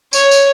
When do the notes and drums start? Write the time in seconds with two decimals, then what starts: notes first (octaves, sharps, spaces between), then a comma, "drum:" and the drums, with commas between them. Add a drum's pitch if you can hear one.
0.13 C#5, drum: tambourine
0.31 drum: tambourine